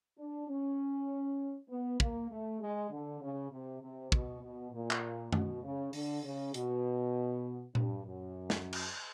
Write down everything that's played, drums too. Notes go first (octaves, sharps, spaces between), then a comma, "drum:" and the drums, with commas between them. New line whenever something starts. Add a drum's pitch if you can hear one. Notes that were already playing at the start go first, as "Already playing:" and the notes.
D4
C#4
B3
A#3, drum: kick
A3
G#3
D3
C#3
C3
C3
B2, drum: kick
B2
A#2
drum: clap
B2, drum: tom
C#3
D3, drum: open hi-hat
C#3
B2, drum: hi-hat
G2, drum: tom A#2
F#2
drum: snare
drum: cymbal